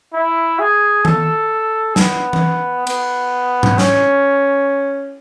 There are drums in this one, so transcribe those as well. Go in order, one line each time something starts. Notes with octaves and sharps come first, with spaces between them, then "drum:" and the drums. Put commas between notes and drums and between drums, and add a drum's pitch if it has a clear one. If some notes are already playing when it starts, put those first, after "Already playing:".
E4
G#4
A4, drum: tom D#3
B3, drum: snare
drum: tom E3
B3, drum: cymbal
drum: tom G#2
C#4, drum: snare